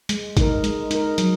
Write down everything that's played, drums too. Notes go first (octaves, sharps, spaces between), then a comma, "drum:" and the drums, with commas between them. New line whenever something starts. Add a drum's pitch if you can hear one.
G#3, drum: hi-hat
D#4 A#4, drum: kick, hi-hat
G#3, drum: hi-hat
D#4 A#4, drum: hi-hat
F#3, drum: hi-hat